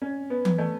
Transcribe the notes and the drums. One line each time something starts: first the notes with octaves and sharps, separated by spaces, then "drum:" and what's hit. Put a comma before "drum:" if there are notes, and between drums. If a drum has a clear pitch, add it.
C#4
B3
drum: tom E3
A3